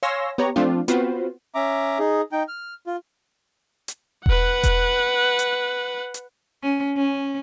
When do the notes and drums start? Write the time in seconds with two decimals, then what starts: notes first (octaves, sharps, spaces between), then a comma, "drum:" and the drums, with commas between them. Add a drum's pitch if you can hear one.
0.03 C#5 F5 G#5 C6 E6 A#6
0.38 B3 G4 C#5 A#5
0.56 F3 A3 C4 D4 F4
0.88 B3 C4 F4 F#4 B4 C5, drum: hi-hat
1.55 C#4 E5 A#5 D6
1.99 D#4 G#4
2.32 D#4 G5
2.48 F6
2.87 F4
3.88 drum: hi-hat
4.26 B4 F#5, drum: kick E1
4.63 drum: kick E1, hi-hat
5.39 drum: hi-hat
6.14 drum: hi-hat
6.63 C#4
6.96 C#4